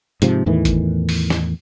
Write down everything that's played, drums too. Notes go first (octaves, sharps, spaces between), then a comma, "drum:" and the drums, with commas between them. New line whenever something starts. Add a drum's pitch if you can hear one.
G#2 C3 F3, drum: hi-hat
E2 A2 D#3 E3
drum: kick G1, hi-hat
drum: open hi-hat
drum: snare